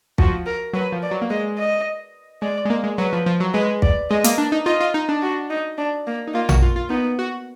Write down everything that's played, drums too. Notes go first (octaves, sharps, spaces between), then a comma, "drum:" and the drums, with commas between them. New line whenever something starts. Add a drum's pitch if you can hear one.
F3 F#4, drum: kick
A#4
F#3 B4
F3
D5
F#3
A#3
G#3 D#5
D#5
G#3 D5
G#3
A#3
G#3
F#3 B4
F3
F3
F#3
G#3 B4
D5, drum: kick
G#3 D#5
A#3, drum: hi-hat
D4
D#4
F4 D#5
F4
D#4
D4
F#4
D#4
D4
A#3
D#4
A#3 F4
F#4, drum: tom A#1
F4
F4
B3 D#4
F#4